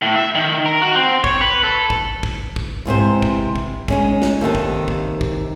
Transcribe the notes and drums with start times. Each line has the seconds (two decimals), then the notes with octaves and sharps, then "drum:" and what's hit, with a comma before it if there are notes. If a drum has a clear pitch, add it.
0.02 A2
0.16 E5
0.35 D#3
0.66 A#4
0.82 F#4
0.95 C4
1.24 C#5, drum: kick
1.41 B4
1.64 A4
1.90 drum: kick
2.23 drum: kick
2.56 drum: kick
2.85 E2 G#2 C3 C5
3.22 drum: kick
3.56 drum: kick
3.88 G#3 C#4 D#4, drum: kick
4.22 drum: snare
4.41 D#2 C3 D#3 A4
4.55 drum: kick
4.88 drum: kick
5.21 drum: kick